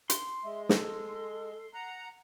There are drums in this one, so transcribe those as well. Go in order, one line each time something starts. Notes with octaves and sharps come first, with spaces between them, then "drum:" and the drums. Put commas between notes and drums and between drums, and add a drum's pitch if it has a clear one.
C6, drum: hi-hat
G#3 E5
A4, drum: snare
F#5 A#5